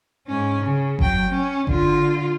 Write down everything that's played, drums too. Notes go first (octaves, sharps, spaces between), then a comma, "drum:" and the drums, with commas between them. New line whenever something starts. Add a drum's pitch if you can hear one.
G#2 C#4
C#3
F#3 G5, drum: kick G1
C#4
D3 F4, drum: kick G1